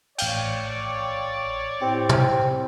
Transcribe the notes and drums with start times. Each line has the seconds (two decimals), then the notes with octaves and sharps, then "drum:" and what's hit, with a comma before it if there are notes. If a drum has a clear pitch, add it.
0.18 A1 C#5 D5 F5 G5, drum: cymbal
1.82 A2 C4 G4
2.09 drum: tom